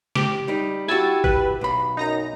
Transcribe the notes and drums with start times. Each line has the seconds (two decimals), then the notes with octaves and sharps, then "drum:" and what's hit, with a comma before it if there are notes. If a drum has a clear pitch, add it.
0.15 G4, drum: snare
0.48 G3 D#4
0.88 E4 F#4 G4 G#5 A5 E6
1.24 B4, drum: kick
1.61 B1 B5
1.97 F#2 D#4 A#5 A#6